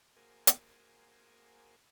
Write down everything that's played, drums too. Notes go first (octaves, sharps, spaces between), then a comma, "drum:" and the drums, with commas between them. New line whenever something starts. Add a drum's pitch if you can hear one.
A#3 F#4 G#4 A#4 C5 G#5
drum: hi-hat